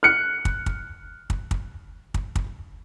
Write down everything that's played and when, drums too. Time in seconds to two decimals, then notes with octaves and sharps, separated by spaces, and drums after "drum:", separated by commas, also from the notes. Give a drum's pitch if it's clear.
0.03 F6 F#6 C#7
0.45 drum: kick
0.66 drum: kick
1.30 drum: kick
1.51 drum: kick
2.14 drum: kick
2.35 drum: kick